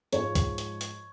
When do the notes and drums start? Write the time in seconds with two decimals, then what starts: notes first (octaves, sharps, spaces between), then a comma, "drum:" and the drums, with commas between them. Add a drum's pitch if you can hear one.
0.13 G#2 F3 G#3 C#5, drum: hi-hat
0.35 drum: kick, hi-hat
0.58 drum: hi-hat
0.81 drum: hi-hat